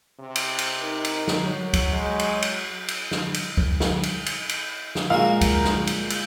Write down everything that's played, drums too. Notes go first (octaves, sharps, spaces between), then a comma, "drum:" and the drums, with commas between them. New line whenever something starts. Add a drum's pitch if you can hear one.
C3
drum: cymbal
drum: cymbal
D#4 A#4
drum: cymbal
drum: snare
F#3
drum: kick, cymbal
G#3
drum: cymbal
drum: cymbal
drum: cymbal
drum: snare
drum: cymbal
drum: kick
drum: snare
drum: cymbal
drum: cymbal
drum: cymbal
drum: snare
A#2 G#3 F#4 A#4 F5
drum: kick, cymbal
drum: snare
drum: cymbal
drum: cymbal